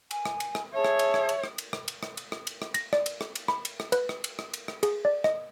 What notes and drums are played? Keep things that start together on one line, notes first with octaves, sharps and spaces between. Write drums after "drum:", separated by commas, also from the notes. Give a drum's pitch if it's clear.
G#5, drum: cymbal
drum: rim click
drum: cymbal
drum: rim click
G#4 C#5 E5 A5
drum: rim click
drum: cymbal
drum: rim click
drum: cymbal
drum: rim click
drum: cymbal
drum: rim click
drum: cymbal
drum: rim click
drum: cymbal
drum: rim click
drum: cymbal
drum: rim click
A#6, drum: cymbal
D5, drum: rim click
drum: cymbal
drum: rim click
drum: cymbal
B5, drum: rim click
drum: cymbal
drum: rim click
B4, drum: cymbal
drum: rim click
drum: cymbal
drum: rim click
drum: cymbal
drum: rim click
G#4, drum: cymbal
D5
D#5, drum: rim click